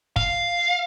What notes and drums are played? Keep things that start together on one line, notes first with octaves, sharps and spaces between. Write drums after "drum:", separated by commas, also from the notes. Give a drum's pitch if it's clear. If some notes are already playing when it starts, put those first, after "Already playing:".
F5, drum: kick